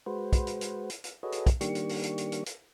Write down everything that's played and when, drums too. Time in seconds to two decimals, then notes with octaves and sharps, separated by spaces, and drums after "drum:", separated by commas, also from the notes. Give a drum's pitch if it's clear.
0.06 G#3 F#4 B4 C5
0.33 drum: kick, hi-hat
0.47 drum: hi-hat
0.61 drum: hi-hat
0.90 drum: hi-hat
1.04 drum: hi-hat
1.23 F#4 G#4 A4 B4 C#5 D#5
1.32 drum: hi-hat
1.46 drum: kick, hi-hat
1.61 D#3 G3 A#3 D4 G4 C#6, drum: hi-hat
1.75 drum: hi-hat
1.89 drum: open hi-hat
2.03 drum: hi-hat
2.18 drum: hi-hat
2.32 drum: hi-hat
2.46 drum: hi-hat